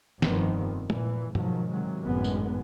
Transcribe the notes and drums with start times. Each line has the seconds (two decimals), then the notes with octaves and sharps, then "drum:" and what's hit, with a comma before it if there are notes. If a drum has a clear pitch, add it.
0.22 F1 G2 D#3 F3 B3 C4, drum: snare
0.90 A#2 E3, drum: tom
1.35 G#2 B2 D#3 F3 F#3, drum: tom
1.71 C3 D#3 F#3 G#3
2.03 G#1 F#2 A2 D#3 G#3 B3
2.24 drum: tambourine